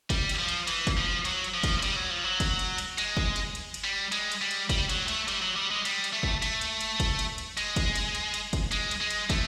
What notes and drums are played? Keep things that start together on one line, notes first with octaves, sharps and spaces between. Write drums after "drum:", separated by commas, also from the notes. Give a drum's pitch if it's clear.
G3, drum: kick, cymbal
drum: cymbal
F3
drum: cymbal
E3, drum: cymbal
drum: kick, cymbal
F3
F#3, drum: cymbal
drum: cymbal
F3
drum: kick, cymbal
G3, drum: cymbal
F#3
F3
F#3
drum: kick, cymbal
drum: cymbal
drum: cymbal
G#3, drum: cymbal
drum: kick
drum: cymbal
drum: cymbal
drum: cymbal
G3
G#3, drum: cymbal
drum: cymbal
G3
drum: cymbal
G3, drum: kick, cymbal
F#3, drum: cymbal
A3, drum: cymbal
G3, drum: cymbal
F#3
G3
G#3
G3, drum: cymbal
drum: cymbal
A3
drum: kick
A3, drum: cymbal
drum: cymbal
drum: cymbal
drum: kick, cymbal
drum: cymbal
drum: cymbal
G#3, drum: cymbal
drum: kick, cymbal
drum: cymbal
drum: cymbal
drum: cymbal
drum: kick, cymbal
G#3, drum: cymbal
drum: cymbal
G#3
drum: cymbal
A3, drum: kick, cymbal